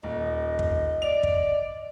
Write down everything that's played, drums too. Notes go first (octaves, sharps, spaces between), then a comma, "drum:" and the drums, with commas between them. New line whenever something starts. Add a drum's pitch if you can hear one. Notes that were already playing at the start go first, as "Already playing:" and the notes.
D#1 D#5
drum: kick
D5 F7
drum: kick